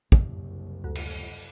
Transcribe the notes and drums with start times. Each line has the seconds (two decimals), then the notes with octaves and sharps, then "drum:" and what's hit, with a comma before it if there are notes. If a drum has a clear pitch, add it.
0.12 F#1 C2, drum: kick
0.84 D2
0.95 drum: cymbal